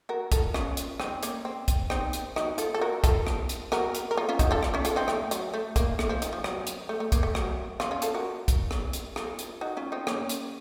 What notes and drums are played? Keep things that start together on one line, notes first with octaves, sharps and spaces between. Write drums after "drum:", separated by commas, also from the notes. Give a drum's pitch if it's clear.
F#4 A#4
F4 A4, drum: kick, hi-hat
C#4 F4, drum: rim click
drum: hi-hat
C4 D#4, drum: rim click
A#3 C#4, drum: hi-hat
C4
drum: kick, hi-hat
C4 D#4, drum: rim click
drum: hi-hat
D#4 F#4, drum: rim click
F4 A4, drum: hi-hat
A4
F#4 A#4
F4 A4, drum: kick, hi-hat
drum: rim click
drum: hi-hat
F#4 A#4, drum: rim click
drum: hi-hat
A#4
F4 A4
C#4 F4
D#4 F#4, drum: kick, hi-hat
F4 A4
drum: rim click
C#4 F4
F4 A4, drum: hi-hat
C4 D#4
A3, drum: rim click
F#3, drum: hi-hat
A3
A#3, drum: kick, hi-hat
A3, drum: rim click
F3
D#3, drum: hi-hat
F3
F#3, drum: rim click
drum: hi-hat
A3
A3
A#3, drum: kick, hi-hat
A3
F#3, drum: rim click
C#4 F4, drum: rim click
C#4 F4
F4 A4, drum: hi-hat
F#4 A#4
drum: kick, hi-hat
drum: rim click
drum: hi-hat
F4 A4, drum: rim click
drum: hi-hat
D#4 F#4
C#4 F4
C4 D#4
A#3 C#4, drum: rim click
drum: hi-hat